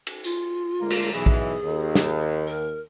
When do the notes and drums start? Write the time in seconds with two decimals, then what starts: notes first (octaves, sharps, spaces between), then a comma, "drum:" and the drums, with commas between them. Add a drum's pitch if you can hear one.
0.07 drum: cymbal
0.24 F4, drum: tambourine
0.81 D2 G#3 A#3
0.90 drum: cymbal
1.12 B1 E3 G#4
1.26 drum: kick A#1
1.62 D#2
1.95 drum: snare
2.47 A#4